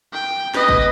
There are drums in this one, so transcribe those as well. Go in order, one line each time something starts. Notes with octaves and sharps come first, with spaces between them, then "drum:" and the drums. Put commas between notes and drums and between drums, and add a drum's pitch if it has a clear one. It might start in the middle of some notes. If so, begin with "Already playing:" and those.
G5
B4 D#5, drum: snare
drum: kick G1